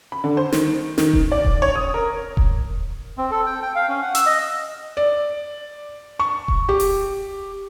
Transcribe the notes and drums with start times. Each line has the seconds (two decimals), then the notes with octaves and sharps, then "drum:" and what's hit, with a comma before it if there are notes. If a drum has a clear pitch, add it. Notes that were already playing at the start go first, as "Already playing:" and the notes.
0.12 B5
0.24 D3
0.37 C5
0.52 D#3, drum: snare
0.98 D#3, drum: snare
1.13 drum: kick D#1
1.32 D5
1.45 drum: kick D#1
1.62 C#5
1.75 D#6
1.94 A#4
2.37 drum: kick D#1
3.18 C4
3.31 A4
3.46 G5
3.62 G5
3.75 F5
3.88 C#4
4.02 F#5
4.15 E6, drum: hi-hat
4.26 D#5
4.97 D5
6.19 C#6
6.48 drum: kick D#1
6.69 G4
6.80 drum: open hi-hat